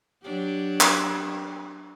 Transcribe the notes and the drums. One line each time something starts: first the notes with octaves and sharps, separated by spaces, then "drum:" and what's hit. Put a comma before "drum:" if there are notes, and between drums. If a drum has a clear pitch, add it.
F#3 D4 G4
drum: clap